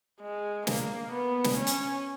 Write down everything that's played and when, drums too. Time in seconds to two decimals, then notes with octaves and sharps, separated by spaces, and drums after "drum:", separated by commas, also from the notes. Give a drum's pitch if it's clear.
0.21 G#3
0.67 A#3, drum: snare
1.12 B3
1.44 drum: snare
1.57 C#4
1.67 drum: hi-hat